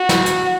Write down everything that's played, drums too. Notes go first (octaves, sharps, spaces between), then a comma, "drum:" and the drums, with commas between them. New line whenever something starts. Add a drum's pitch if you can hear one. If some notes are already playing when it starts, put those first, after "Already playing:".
Already playing: F#4
drum: snare
drum: hi-hat